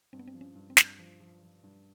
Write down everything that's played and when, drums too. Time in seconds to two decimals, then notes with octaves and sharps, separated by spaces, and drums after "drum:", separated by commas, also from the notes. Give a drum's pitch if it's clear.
0.13 G2 C4
0.19 B3
0.28 C4
0.34 F3
0.41 C#4
0.55 G2
0.70 C4
0.77 G2, drum: snare
0.98 F3
1.20 F3
1.42 F3
1.63 G2